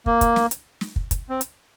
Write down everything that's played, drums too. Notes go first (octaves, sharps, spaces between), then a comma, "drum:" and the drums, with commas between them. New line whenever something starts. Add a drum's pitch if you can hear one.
A#3, drum: kick
drum: kick, hi-hat
drum: snare
drum: hi-hat
drum: snare
drum: kick
drum: kick, hi-hat
C4
drum: hi-hat